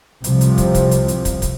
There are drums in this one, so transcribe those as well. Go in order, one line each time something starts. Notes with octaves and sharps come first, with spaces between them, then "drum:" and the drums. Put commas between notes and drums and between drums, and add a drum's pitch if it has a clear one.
C2 C3 F3, drum: hi-hat
drum: hi-hat
drum: kick, hi-hat
drum: kick, hi-hat
drum: hi-hat
drum: hi-hat
drum: kick, hi-hat
drum: kick, hi-hat